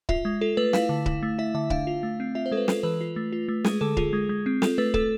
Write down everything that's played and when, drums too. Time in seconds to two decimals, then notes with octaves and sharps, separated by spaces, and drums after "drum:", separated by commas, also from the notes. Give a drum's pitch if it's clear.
0.09 F4 E5, drum: kick C#1
0.25 G#3
0.41 F4 A4
0.57 A3 B4
0.73 E4 F5, drum: snare
0.89 D3
1.06 E4, drum: kick C#1
1.23 A3
1.38 E4 E5
1.55 D3 E5
1.70 D4 F5, drum: kick C#1
1.87 F4
2.03 A3
2.20 C4
2.35 F4 E5
2.46 C5
2.52 G#3 A4
2.57 B4
2.68 F4 A4, drum: snare
2.83 E3 B4
3.01 F4
3.16 A3
3.32 F4
3.48 A3
3.65 G#3 G#4, drum: snare
3.81 D3 A4
3.97 F4 G#4, drum: kick C#1
4.13 G#3
4.29 G#3
4.46 C4
4.62 F4 A4, drum: snare
4.78 A3 B4
4.94 A3 A4, drum: kick C#1